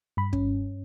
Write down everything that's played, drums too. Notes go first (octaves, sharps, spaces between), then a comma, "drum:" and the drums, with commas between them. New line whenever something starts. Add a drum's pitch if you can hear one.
G2 B5
C#4, drum: kick